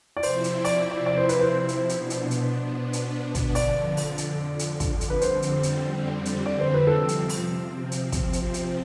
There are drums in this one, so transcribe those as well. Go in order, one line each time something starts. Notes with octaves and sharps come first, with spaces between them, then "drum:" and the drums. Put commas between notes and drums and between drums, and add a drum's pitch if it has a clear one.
D5
C3 F3 C4 E4 C5, drum: open hi-hat
drum: hi-hat
D5, drum: open hi-hat
D5
D5
C5
B4, drum: hi-hat
C5
drum: hi-hat
B2 B3 D4, drum: hi-hat
drum: hi-hat
drum: hi-hat
drum: hi-hat
drum: kick, hi-hat
F2 D3 F3 D5, drum: open hi-hat
drum: open hi-hat
drum: hi-hat
drum: hi-hat
drum: kick, hi-hat
drum: hi-hat
B4
F2 D3 G3 C4 C5, drum: hi-hat
drum: hi-hat
drum: hi-hat
drum: hi-hat
D5
C5
B4
C3 F3 C4 A4
drum: hi-hat
drum: open hi-hat
drum: hi-hat
drum: kick, hi-hat
drum: hi-hat
drum: hi-hat